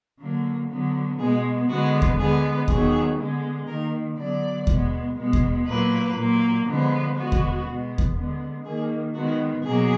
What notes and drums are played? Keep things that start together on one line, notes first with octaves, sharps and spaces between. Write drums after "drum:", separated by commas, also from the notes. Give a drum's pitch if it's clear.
D3 F#3 A#3
D3 F#3 B3
B2 G#3 B3 G#4
D3 G#3 B3 F#4
drum: kick D#2
D3 G#3 B3 G#4
D#3 F#3 B3 G#4, drum: kick D#2
D3 G#3 B3
D#3 A#3 A#4
D3 F#3 B3 D5
B2 G#3 B3, drum: kick D#2
B2 G#3 B3
drum: kick D#2
A#2 F#3 A#3 B4
A#2 F#3 A#3
D3 F3 G#3 B3
D3 G#3 B3 F#4
drum: kick D#2
B2 G#3 B3
drum: kick D#2
D3 G#3 B3
D#3 A#3 G#4
D#3 G#3 B3 F#4
B2 F#3 A#3 G#4